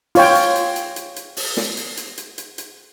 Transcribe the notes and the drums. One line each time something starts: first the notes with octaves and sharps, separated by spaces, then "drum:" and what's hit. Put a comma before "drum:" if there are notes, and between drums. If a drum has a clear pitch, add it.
F4 C#5 G5, drum: open hi-hat
drum: hi-hat
drum: hi-hat
drum: hi-hat
drum: hi-hat
drum: hi-hat
drum: open hi-hat
drum: snare
drum: hi-hat
drum: hi-hat
drum: hi-hat
drum: hi-hat
drum: hi-hat